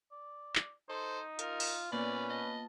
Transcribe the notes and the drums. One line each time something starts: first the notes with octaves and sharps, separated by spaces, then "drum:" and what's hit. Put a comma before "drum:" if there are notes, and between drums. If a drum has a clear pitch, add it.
D5
drum: clap
D#4 A4 C5
F4 A#4, drum: hi-hat
drum: open hi-hat
A#2 B3 C#4 F4 B4 D5
D#5 A5